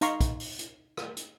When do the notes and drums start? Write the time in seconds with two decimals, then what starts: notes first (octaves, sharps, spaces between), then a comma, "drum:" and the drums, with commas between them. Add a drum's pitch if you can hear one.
0.01 D#4 F5 A#5 C6 C#6, drum: hi-hat
0.21 drum: kick, hi-hat
0.40 drum: open hi-hat
0.59 drum: hi-hat
0.97 drum: rim click
1.17 drum: hi-hat